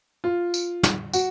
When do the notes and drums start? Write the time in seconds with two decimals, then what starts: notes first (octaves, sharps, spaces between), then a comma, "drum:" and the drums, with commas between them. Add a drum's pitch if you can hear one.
0.24 F4
0.54 drum: tambourine
0.83 drum: snare
1.13 F#4, drum: tambourine